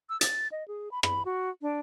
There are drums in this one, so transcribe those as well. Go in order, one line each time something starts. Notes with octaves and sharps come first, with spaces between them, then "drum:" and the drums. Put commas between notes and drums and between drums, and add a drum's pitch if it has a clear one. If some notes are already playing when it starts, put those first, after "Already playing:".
E6
A6, drum: hi-hat
D#5
G#4
B5
B5, drum: rim click
F#4
D4